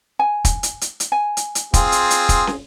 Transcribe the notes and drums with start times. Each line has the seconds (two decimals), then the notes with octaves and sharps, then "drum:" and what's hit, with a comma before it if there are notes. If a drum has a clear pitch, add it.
0.19 G#5
0.45 drum: kick, hi-hat
0.63 drum: hi-hat
0.81 drum: hi-hat
1.00 drum: hi-hat
1.12 G#5
1.37 drum: hi-hat
1.55 drum: hi-hat
1.74 C4 F4 G#4, drum: kick, hi-hat
1.92 drum: hi-hat
2.10 drum: hi-hat
2.29 drum: kick, hi-hat
2.47 drum: snare